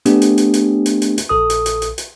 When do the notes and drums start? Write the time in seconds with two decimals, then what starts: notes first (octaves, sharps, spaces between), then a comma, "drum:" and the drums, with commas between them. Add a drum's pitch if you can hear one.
0.06 A3 B3 D4 G4 G#4, drum: hi-hat
0.22 drum: hi-hat
0.38 drum: hi-hat
0.54 drum: hi-hat
0.86 drum: hi-hat
1.02 drum: hi-hat
1.18 drum: hi-hat
1.29 A#1 A4 D#6
1.50 drum: hi-hat
1.66 drum: hi-hat
1.82 drum: hi-hat
1.98 drum: hi-hat